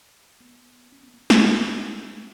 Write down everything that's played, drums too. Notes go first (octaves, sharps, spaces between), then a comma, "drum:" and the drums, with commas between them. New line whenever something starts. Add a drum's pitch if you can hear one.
B3
C#4
B3
A#3
drum: snare